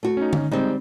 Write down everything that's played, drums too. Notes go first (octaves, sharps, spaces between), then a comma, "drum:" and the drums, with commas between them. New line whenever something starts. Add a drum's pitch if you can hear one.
A3 F#4
C#4 D#4
drum: tom D3
G3 G#3 C4 D#4